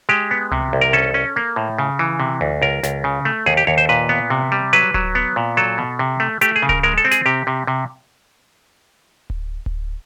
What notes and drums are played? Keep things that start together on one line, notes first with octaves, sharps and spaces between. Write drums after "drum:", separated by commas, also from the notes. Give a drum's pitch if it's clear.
G#3 G4
B3
C3, drum: tom C2
C2
A#4
C#4 A4
C#4
A#3
A2
C#3
E3
C3
D2
C#2 A#4
C#2, drum: snare
C#3
A3
D#2 G#4
G4
D#2 C#5
C5
A#2 B4
B3
C3
G3
F#3 B4
F#3, drum: kick D1
B3
A#2
F#3 A4
B2
C3
A3
A3 G4, drum: hi-hat
G#4
C#3
A#4, drum: kick D1
G#3 A#4
A4
C4
G#4, drum: snare
C3 G4
C3
C3
drum: kick D1
drum: kick D1